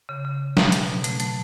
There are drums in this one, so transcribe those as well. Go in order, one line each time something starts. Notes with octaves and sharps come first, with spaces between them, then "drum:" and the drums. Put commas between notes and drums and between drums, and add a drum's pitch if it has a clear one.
C#3
C#3
A2, drum: snare
B2
drum: hi-hat
B2
F#3 A3, drum: hi-hat
F#3 A3, drum: hi-hat